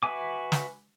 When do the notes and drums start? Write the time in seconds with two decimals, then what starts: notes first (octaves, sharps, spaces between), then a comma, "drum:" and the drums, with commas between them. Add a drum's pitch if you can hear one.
0.03 F#4 B4 E5 G#5 D6
0.52 drum: snare